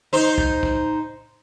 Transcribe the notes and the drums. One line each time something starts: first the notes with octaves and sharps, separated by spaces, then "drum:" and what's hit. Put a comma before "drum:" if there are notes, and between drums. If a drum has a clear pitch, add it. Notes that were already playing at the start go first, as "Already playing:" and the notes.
D#4 C5
drum: kick
drum: kick